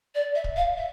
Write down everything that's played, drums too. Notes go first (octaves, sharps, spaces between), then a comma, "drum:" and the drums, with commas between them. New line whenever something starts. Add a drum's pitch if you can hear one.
D5
E5
drum: kick
F5
E5